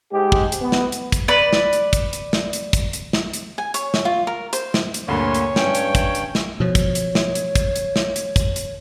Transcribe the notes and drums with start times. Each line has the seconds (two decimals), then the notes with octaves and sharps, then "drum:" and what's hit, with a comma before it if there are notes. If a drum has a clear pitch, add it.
0.12 G#2 G#3 G4
0.32 drum: kick
0.52 drum: hi-hat
0.62 B3
0.72 drum: snare
0.92 drum: hi-hat
1.12 drum: kick, hi-hat
1.28 B4 D5
1.53 drum: snare
1.73 drum: hi-hat
1.93 drum: kick, hi-hat
2.13 drum: hi-hat
2.33 drum: snare
2.53 drum: hi-hat
2.73 drum: kick, hi-hat
2.93 drum: hi-hat
3.13 drum: snare
3.33 drum: hi-hat
3.58 G#5
3.74 C#5, drum: hi-hat
3.94 drum: snare
4.05 F4
4.27 A#4
4.53 C5, drum: hi-hat
4.74 drum: snare
4.94 drum: hi-hat
5.08 D2 G2 A#2 C#5 C6
5.34 drum: hi-hat
5.56 G2 C#4 G5, drum: snare
5.75 drum: hi-hat
5.95 drum: kick, hi-hat
6.15 drum: hi-hat
6.35 drum: snare
6.60 B2 F3 C#5
6.75 drum: kick, hi-hat
6.95 drum: hi-hat
7.15 drum: snare
7.35 drum: hi-hat
7.55 drum: kick, hi-hat
7.76 drum: hi-hat
7.96 drum: snare
8.16 drum: hi-hat
8.36 drum: kick, hi-hat
8.56 drum: hi-hat